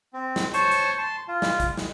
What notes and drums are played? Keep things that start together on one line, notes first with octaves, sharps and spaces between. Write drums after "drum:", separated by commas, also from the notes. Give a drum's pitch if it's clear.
C4
drum: snare
C5 C#5 A5 C6 C#6, drum: hi-hat
drum: hi-hat
A5 C6
F4
drum: snare
drum: kick A1, hi-hat
drum: snare